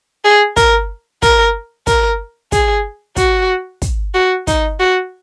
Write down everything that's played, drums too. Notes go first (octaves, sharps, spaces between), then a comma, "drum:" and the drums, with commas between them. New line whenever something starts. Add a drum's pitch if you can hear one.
G#4
A#4, drum: kick, hi-hat
A#4, drum: kick, hi-hat
A#4, drum: kick, hi-hat
G#4, drum: kick, hi-hat
F#4, drum: kick, hi-hat
drum: kick, hi-hat
F#4
D#4, drum: kick, hi-hat
F#4